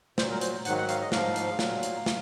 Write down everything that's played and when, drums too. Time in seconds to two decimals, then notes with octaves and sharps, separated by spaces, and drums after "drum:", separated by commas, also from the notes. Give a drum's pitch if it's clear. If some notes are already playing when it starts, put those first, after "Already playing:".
0.18 A#2 C5, drum: snare
0.23 F#3
0.30 A#4
0.41 C5, drum: hi-hat
0.65 G#2 D#3 F#3 F#5, drum: hi-hat
0.77 F#5
0.89 F5, drum: hi-hat
1.01 D#5
1.12 G#2 F3 F5, drum: snare
1.36 drum: hi-hat
1.59 A#2 F#3, drum: snare
1.83 drum: hi-hat
2.06 drum: snare